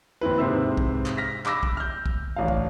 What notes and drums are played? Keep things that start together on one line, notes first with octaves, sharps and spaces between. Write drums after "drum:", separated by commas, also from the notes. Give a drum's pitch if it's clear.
D#2 C4 E4 B4
G#2 C3 B4 C5 E5 E6
drum: kick
drum: clap
F6 A#6 B6
B5 D6 E6 A#6, drum: clap
drum: kick
F6 G6
drum: kick
A1 D4 F5
drum: kick